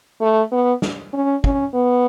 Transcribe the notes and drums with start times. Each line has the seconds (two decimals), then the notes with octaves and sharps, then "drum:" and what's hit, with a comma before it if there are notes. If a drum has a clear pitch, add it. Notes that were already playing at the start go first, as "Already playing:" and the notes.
0.21 A3
0.52 B3
0.82 drum: snare
1.13 C#4
1.44 C#4, drum: kick
1.74 B3